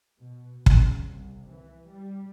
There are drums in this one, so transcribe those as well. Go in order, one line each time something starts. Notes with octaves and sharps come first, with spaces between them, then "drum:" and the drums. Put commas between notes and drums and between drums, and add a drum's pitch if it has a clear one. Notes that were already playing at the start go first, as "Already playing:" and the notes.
B2
C#3, drum: kick
C2
E3
G3